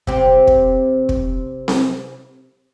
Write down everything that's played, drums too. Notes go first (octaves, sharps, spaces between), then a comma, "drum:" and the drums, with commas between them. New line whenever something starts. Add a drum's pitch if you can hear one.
C3 C4, drum: kick
drum: kick
drum: kick
drum: snare C4